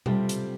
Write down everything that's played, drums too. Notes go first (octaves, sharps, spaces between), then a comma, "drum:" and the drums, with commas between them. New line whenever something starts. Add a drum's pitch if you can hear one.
C3 G3 C4 F4 A4, drum: tom B2
drum: hi-hat